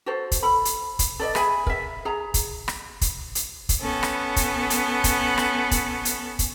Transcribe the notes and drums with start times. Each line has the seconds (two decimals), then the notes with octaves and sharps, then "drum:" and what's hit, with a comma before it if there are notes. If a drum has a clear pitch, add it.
0.06 F#4 A4 C5
0.32 drum: kick, hi-hat
0.43 A4 B5
0.65 drum: hi-hat
0.99 drum: kick, hi-hat
1.20 A4 D5 D#5
1.35 G#4 E5 G#5 B5, drum: rim click
1.66 A#4 E5, drum: kick
2.05 G#4 A#5
2.34 drum: kick, hi-hat
2.68 drum: rim click
3.01 drum: kick, hi-hat
3.35 drum: hi-hat
3.69 drum: kick, hi-hat
3.80 B3 C#4 A4
4.03 drum: rim click
4.36 drum: kick, hi-hat
4.70 drum: hi-hat
5.04 drum: kick, hi-hat
5.38 drum: rim click
5.71 drum: kick, hi-hat
6.05 drum: hi-hat
6.39 drum: kick, hi-hat